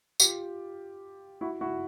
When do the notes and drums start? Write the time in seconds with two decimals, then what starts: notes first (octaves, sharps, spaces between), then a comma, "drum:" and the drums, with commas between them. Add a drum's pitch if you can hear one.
0.20 F4 G4, drum: tambourine
1.41 E4 F#4
1.61 E4 F#4